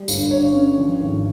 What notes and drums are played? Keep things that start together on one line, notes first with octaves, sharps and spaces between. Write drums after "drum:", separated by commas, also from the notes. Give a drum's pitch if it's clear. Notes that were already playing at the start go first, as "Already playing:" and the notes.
Already playing: G3
G1, drum: tambourine
G2 C#5
C#4
F3
G#1